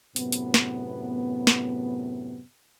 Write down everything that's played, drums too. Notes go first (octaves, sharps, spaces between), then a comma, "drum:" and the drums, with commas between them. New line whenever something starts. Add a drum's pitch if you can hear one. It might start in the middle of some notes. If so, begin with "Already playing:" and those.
F#2 A2 C3 B3, drum: hi-hat
drum: hi-hat
drum: snare
drum: snare